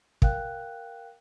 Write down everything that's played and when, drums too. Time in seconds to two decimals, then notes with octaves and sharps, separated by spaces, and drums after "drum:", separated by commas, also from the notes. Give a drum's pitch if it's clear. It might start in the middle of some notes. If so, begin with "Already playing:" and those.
0.22 A#4 F5 G5 F#6, drum: kick